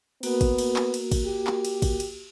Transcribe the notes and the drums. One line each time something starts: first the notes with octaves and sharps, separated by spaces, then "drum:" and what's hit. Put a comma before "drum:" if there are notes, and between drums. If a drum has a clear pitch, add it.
A#3 B3 F#4 A#4, drum: cymbal
drum: kick, cymbal
drum: cymbal
drum: clap
drum: cymbal
drum: kick, cymbal
G4
drum: clap
drum: cymbal
drum: kick, cymbal
drum: cymbal